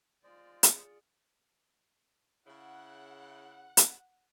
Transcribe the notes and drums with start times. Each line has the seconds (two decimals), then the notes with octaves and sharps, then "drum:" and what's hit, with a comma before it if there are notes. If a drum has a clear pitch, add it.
0.24 G#3 F4 C5 D5 D#5
0.63 G#4, drum: hi-hat
2.47 C#3 E4 F#5
3.77 drum: hi-hat